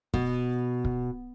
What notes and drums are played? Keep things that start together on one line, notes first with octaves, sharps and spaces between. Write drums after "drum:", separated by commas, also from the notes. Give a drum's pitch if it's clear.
B2, drum: kick
drum: kick